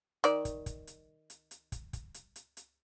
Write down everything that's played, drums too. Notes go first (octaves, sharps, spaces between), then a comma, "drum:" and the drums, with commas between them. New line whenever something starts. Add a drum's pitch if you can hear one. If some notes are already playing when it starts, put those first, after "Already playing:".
D#3 D5, drum: hi-hat
drum: kick, hi-hat
drum: kick, hi-hat
drum: hi-hat
drum: hi-hat
drum: hi-hat
drum: kick, hi-hat
drum: kick, hi-hat
drum: hi-hat
drum: hi-hat
drum: hi-hat